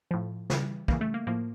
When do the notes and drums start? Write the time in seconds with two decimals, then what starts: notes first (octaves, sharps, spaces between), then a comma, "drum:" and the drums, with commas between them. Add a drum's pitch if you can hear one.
0.11 A2 F3
0.50 C#3 E3 G3, drum: snare
0.88 C#3 E3 G3 A#3, drum: kick
1.01 A3
1.14 A#3
1.27 A2 F3 A#3